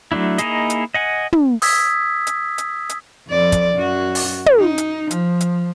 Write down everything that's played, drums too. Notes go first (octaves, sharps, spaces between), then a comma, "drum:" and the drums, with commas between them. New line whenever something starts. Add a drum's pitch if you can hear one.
F#3 A3 D4 E4
A#3 D#4 E4 G#4 D#5, drum: hi-hat
drum: hi-hat
D#5 F#5 G#5
drum: tom
D#6 E6 G#6 B6, drum: open hi-hat
drum: hi-hat
drum: hi-hat
drum: hi-hat
F2 D5
drum: kick, hi-hat
F#2 F#4
drum: open hi-hat
drum: tom
D#4
drum: hi-hat
F3, drum: hi-hat
drum: hi-hat